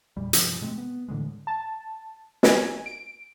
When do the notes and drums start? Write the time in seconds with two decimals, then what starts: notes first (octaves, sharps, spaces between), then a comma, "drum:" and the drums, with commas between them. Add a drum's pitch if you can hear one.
0.17 E2 A#2 G3
0.33 G2 C3 F3, drum: hi-hat
0.61 B2 G#3 A3 C4
0.78 B3
1.08 A2 D3 E3 G#3
1.47 A5
2.43 G#5, drum: snare
2.86 D7